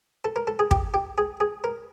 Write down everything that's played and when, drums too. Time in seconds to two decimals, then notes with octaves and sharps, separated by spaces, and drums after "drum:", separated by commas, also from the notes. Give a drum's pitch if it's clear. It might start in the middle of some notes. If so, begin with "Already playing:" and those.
0.25 A4
0.36 A#4
0.47 A4
0.59 G#4
0.71 G4, drum: kick
0.94 G4
1.18 G#4
1.40 G#4
1.64 A#4